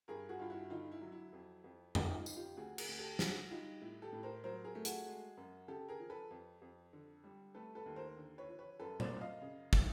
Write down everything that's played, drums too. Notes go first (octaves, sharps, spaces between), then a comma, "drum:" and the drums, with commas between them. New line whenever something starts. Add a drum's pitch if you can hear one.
G2 G#4 A#4
F#4 G#4
G2 F4
E4 F#4
D3 D#4 F4
E4
F#3
E4
F2
F2
C#3 D#4 F4, drum: tom F2
D#4 F4
F3, drum: tambourine
F4 G4
D2 F#4 G#4
G#4 A#4, drum: cymbal
D2
G4 A4
D3 F#4 G#4, drum: snare
G3 D#4 F4
A2 E4
G4 A4
A2
A#4 C5
F#3 A#4 C5
G#4 A#4
A3
F#4 G#4, drum: hi-hat
G#3
F#2
C#3 G4 A4
G#4 A#4
F3
A4 B4
F2
F2
D3
G3
A3 A4 B4
A4 B4
D#2
A#4 C5
D3
B4 C#5
F3
B4 C#5
F#2 A4 B4
C5 D5, drum: tom B2
F#2
D#5 F5
C#3
E3, drum: kick